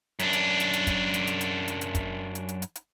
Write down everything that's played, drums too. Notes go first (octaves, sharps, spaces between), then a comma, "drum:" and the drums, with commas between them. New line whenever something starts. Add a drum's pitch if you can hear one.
F#2 D4, drum: hi-hat
drum: hi-hat
drum: hi-hat
drum: hi-hat
drum: kick, hi-hat
drum: hi-hat
drum: hi-hat
drum: hi-hat
drum: hi-hat
drum: hi-hat
drum: kick, hi-hat
drum: hi-hat
drum: hi-hat
drum: hi-hat
drum: hi-hat